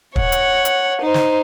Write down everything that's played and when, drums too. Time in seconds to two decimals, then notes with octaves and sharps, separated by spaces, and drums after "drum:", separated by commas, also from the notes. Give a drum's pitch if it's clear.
0.16 C#5 F#5, drum: kick
0.32 drum: hi-hat
0.65 drum: hi-hat
1.02 D#4 C5
1.14 drum: snare